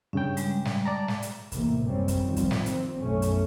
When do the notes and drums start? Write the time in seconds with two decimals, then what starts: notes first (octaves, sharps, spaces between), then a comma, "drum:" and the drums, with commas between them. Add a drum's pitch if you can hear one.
0.13 G2 C#3 C#4 G5
0.37 G3 G#3, drum: hi-hat
0.65 drum: snare
0.85 D5 A5 A#5
1.08 drum: snare
1.22 drum: hi-hat
1.52 A1 E2 C3 D#3 E3 A#3, drum: kick, hi-hat
1.85 G#1 F#2 C3 G3 C4 C#4
2.08 drum: kick, hi-hat
2.25 G#1 D#3 F3 G3 C4
2.36 drum: kick, hi-hat
2.51 drum: snare
2.66 C4, drum: hi-hat
2.99 B1 F#2 B2 A3 C#4
3.22 drum: hi-hat